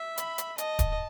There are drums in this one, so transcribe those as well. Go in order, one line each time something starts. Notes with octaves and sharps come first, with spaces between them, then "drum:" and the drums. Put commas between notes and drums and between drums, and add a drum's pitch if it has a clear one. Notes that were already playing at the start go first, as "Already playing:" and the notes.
Already playing: E5
B5, drum: hi-hat
drum: hi-hat
D#5 A5, drum: hi-hat
drum: kick D1, hi-hat